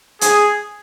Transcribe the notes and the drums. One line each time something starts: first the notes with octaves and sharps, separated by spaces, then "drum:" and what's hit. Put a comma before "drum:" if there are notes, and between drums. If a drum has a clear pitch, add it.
G#4, drum: hi-hat